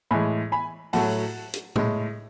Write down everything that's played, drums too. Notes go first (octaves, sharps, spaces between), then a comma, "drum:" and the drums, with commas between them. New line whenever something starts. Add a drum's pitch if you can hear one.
A2 E3 G#3 G#5 B5
G#5 B5
A2 F#3 A3 F#5 A5, drum: open hi-hat
drum: hi-hat
A2 G#3, drum: tom